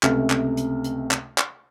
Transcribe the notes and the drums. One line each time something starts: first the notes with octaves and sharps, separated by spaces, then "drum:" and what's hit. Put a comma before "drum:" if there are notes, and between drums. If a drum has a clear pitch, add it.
C#2 C3 A3 F6, drum: clap
drum: clap
drum: hi-hat
drum: hi-hat
drum: clap
drum: clap